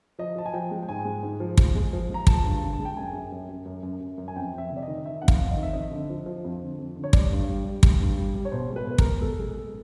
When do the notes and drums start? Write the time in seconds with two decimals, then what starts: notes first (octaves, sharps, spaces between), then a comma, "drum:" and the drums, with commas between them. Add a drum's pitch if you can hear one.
0.19 F3 D#5
0.36 F3 A5
0.46 G#5
0.54 F3 G5
0.71 G#3
0.83 G5
0.89 G#2 G#5
1.05 G#3
1.23 G#2
1.40 F3
1.58 G#3, drum: kick
1.75 G#3
1.93 F3
2.10 G#3 A#5
2.27 F3 A5, drum: kick
2.44 G2
2.51 A5
2.63 D3
2.73 A5
2.80 G#3
2.85 G5
2.96 F#2 G#5
3.13 F#2
3.32 F#2
3.49 F#2
3.66 F#2
3.83 F#2
4.01 F#2
4.18 F#2
4.28 G#5
4.36 F2 G5
4.54 F2 E5
4.71 C3
4.76 D5
4.83 D#5
4.88 D#3
5.04 D#3 E5
5.22 F2 F#5
5.28 F5, drum: kick
5.40 F2
5.51 D#5
5.57 D#3
5.63 E5
5.73 F2 D#5
5.91 D3
6.10 F3
6.26 F3
6.45 F2
6.61 D3
6.79 F2
6.96 D3
7.04 C#5
7.13 G3 D5, drum: kick
7.31 G2
7.49 G3
7.65 G3
7.83 G3, drum: kick
8.00 G2
8.17 G3
8.35 G3
8.45 C#5
8.52 B2 C5
8.70 G#3
8.76 B4
8.87 B2 B4
8.98 A#4, drum: kick
9.04 G#3
9.21 B2 A4
9.39 G#3
9.57 G#3